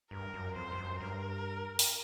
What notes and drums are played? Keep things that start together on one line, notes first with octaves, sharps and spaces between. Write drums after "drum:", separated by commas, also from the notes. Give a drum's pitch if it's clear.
G2 A#4
F#2
F2 C5
G2
F#2
G2 A#4
drum: open hi-hat